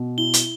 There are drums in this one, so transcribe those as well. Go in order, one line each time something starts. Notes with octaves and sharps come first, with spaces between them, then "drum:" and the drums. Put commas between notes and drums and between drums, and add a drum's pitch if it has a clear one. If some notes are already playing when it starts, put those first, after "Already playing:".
Already playing: B2
E4 G7
drum: hi-hat